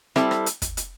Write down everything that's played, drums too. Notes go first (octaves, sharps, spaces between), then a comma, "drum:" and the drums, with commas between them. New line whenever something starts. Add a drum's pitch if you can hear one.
G3 C4 E4 A4, drum: rim click
drum: rim click
drum: hi-hat
drum: kick, hi-hat
drum: hi-hat